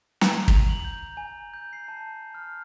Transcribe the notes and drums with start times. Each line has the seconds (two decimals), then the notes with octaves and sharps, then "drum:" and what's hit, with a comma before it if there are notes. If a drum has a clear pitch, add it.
0.21 A#5, drum: snare
0.48 F7, drum: kick
0.69 F#7
0.85 G6
1.17 G#5
1.54 G6
1.73 C7
1.88 A5
2.34 F6